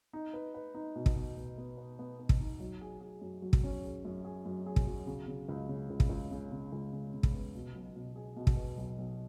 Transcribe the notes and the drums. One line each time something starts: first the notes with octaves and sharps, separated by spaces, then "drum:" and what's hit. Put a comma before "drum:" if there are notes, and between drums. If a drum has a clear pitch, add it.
D#4
B4
B4
D#4
B2
drum: kick
B3
B3
B3
B4
B3
B3
drum: kick
D#4
F#3
G#4
G#4
F#2
F#3
drum: kick
C#4
G#4
F#2
G#4
F#2
G#4
drum: kick
F#3
C#3
C#3
C#2
C#3
C#2
drum: kick
C#2
C#3
C#3
C#2
C#3
C#3
drum: kick
B3
B2
B1
B2
G#4
B2
drum: kick
B3
B1
B1